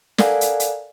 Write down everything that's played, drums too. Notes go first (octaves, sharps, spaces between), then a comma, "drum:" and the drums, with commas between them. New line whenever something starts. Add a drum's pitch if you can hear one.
A4 A#4 D5 F5 F#5 G#5, drum: snare
drum: hi-hat
drum: hi-hat